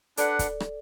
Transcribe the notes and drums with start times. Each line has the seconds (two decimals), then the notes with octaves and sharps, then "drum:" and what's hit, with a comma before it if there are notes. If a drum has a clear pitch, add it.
0.17 D4 A4 B4 D5 F#5, drum: hi-hat
0.39 drum: kick, hi-hat
0.60 drum: rim click